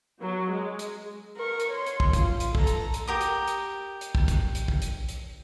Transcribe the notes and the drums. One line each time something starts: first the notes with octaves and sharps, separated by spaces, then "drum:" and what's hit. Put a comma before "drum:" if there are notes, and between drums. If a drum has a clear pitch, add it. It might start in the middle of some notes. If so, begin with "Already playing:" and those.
F#3
G#3
drum: hi-hat
A#4 C#6
drum: hi-hat
C#5 C6
drum: hi-hat
drum: kick
F4, drum: kick, hi-hat
drum: hi-hat
A4 A#5, drum: kick
drum: hi-hat
drum: hi-hat
G4 A#4 D#6
drum: hi-hat
drum: hi-hat
drum: hi-hat
drum: kick
drum: kick, hi-hat
drum: hi-hat
drum: kick
drum: hi-hat
drum: hi-hat